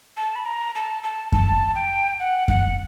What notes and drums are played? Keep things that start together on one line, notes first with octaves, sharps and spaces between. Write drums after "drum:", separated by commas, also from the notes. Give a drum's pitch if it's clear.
A5
B5
A#5
A5
A5
A5, drum: kick F#2
G5
F#5
F#5, drum: kick F#2